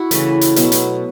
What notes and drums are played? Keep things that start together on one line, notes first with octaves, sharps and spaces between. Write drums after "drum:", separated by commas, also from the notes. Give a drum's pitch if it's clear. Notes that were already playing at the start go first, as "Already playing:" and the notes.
Already playing: E4 F#4
C#3 E3 A3 B4, drum: hi-hat
drum: hi-hat
B2 F#3 B3, drum: hi-hat
drum: hi-hat